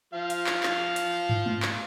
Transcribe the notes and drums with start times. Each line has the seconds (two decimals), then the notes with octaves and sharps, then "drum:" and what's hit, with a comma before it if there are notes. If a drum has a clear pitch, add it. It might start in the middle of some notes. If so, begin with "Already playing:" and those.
0.13 F3 F5
0.30 drum: hi-hat
0.47 drum: clap
0.63 drum: clap
0.96 drum: hi-hat
1.29 drum: tom
1.46 drum: tom G#3
1.62 drum: clap